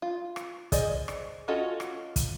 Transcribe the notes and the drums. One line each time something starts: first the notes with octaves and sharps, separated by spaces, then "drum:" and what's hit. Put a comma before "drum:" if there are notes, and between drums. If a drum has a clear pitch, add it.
F4
drum: rim click
G#4 C5 D5 D#5, drum: kick, hi-hat
drum: rim click
C#4 F4 F#4 A4 D#5
drum: rim click
drum: kick, hi-hat